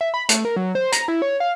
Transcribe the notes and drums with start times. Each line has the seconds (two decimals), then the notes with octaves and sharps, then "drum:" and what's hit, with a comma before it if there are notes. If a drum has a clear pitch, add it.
0.01 E5
0.14 B5
0.29 A3, drum: hi-hat
0.45 A#4
0.56 F#3
0.75 C5
0.92 A#5, drum: hi-hat
1.08 E4
1.22 C#5
1.40 F5